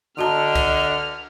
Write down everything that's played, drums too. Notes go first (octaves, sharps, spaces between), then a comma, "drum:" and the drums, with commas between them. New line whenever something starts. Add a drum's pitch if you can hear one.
D3 F#4 D#5 A5 A#5 F6
drum: kick C2, cymbal